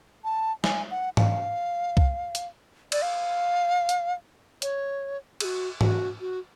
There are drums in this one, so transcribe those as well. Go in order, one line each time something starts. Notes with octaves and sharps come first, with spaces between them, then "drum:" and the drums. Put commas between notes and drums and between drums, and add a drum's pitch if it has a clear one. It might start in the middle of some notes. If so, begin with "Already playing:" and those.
A5
G#5, drum: snare
F#5
F5, drum: tom G#2
drum: kick C2
drum: hi-hat
D5, drum: cymbal
F5
drum: hi-hat
C#5, drum: hi-hat
G#4, drum: cymbal
F#4
F#4, drum: tom G#2
F#4